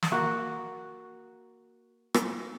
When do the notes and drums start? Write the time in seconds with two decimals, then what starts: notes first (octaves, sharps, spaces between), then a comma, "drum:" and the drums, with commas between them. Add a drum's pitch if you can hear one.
0.02 drum: snare
0.12 A#3 F#4
2.14 drum: rim click